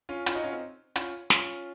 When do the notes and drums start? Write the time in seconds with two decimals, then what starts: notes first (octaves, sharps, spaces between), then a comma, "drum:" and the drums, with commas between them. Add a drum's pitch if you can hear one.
0.09 C#4 F4
0.26 C#4 F4, drum: hi-hat
0.35 D#4 F#4
0.44 C#4 F4
0.52 C4 D#4
0.96 C#4 F4, drum: hi-hat
1.30 C#4 F4, drum: snare